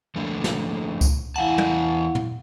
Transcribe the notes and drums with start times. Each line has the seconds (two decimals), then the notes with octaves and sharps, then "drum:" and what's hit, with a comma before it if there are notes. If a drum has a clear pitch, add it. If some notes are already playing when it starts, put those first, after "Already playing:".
0.16 F2 D3 A3
0.44 drum: snare
1.01 drum: kick C#2, tambourine
1.36 E2 E4 F5 F#5 G#5 A5
1.58 drum: tom
2.15 drum: tom